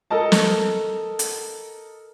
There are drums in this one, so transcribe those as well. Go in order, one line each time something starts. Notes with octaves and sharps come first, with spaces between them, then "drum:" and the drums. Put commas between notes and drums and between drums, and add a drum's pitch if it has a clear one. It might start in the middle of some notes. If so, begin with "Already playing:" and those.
A4 A#4 D#5 A5
drum: snare
drum: hi-hat